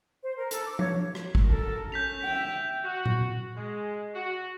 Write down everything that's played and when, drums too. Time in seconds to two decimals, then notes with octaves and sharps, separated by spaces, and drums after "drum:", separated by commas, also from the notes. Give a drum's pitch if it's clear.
0.23 C5
0.37 A#4
0.51 A4, drum: hi-hat
0.65 D6
0.79 C#5, drum: tom F3
1.15 drum: rim click
1.35 drum: kick
1.46 A4 A#4
1.92 C#4 G6 B6 F7
2.24 E5 G5
2.84 F#4
3.06 drum: tom A#2
3.56 G#3
4.14 F#4